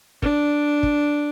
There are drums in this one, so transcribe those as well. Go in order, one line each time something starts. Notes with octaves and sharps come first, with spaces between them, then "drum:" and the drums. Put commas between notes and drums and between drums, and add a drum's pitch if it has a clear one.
D4, drum: kick
drum: kick